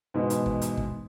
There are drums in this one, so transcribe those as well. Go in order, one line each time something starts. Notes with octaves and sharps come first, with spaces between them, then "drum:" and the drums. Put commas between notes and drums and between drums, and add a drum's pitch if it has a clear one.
G#2 B2 E3
drum: hi-hat
drum: kick
drum: hi-hat
drum: kick